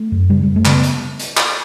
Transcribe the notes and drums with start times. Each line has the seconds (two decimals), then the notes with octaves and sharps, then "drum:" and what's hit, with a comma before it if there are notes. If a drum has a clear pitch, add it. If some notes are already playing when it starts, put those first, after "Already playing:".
Already playing: A3
0.12 F#2
0.29 C#3 G3
0.43 F#2 G3
0.56 A3
0.65 C#3 B3, drum: clap
0.83 drum: hi-hat
1.19 drum: hi-hat
1.37 drum: clap